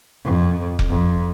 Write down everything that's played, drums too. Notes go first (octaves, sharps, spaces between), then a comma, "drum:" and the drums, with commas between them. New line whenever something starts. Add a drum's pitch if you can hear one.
F2
drum: kick F1
F2